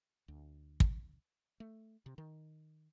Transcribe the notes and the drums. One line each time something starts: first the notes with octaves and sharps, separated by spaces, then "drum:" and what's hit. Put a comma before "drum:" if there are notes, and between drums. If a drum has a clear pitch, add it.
D2
drum: kick
A3
C3
D#3